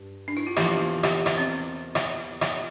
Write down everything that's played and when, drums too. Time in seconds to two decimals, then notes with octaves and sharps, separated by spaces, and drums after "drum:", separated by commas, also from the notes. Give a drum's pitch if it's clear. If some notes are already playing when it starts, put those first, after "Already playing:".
Already playing: G2
0.28 D4
0.37 E4
0.47 F4
0.56 E2 C3 F3 A#3 G4, drum: rim click
1.03 G4, drum: rim click
1.26 drum: rim click
1.38 C4
1.95 drum: rim click
2.41 drum: rim click